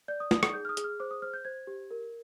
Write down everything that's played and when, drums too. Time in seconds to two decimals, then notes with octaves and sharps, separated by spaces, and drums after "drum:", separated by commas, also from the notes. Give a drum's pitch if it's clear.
0.08 D5 G6
0.20 D#6
0.31 D#4 D#6, drum: snare
0.43 D#6, drum: rim click
0.54 G#4 G6
0.65 F6
0.69 D#6
0.77 G#4, drum: hi-hat
0.84 F6
1.00 C5 D6
1.11 D#6
1.22 C5 F6
1.34 G6
1.45 C5 G#6
1.67 G4
1.91 A#4